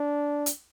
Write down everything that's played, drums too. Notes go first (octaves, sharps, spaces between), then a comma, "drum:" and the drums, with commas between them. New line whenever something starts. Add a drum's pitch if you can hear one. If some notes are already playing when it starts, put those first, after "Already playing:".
Already playing: D4
drum: hi-hat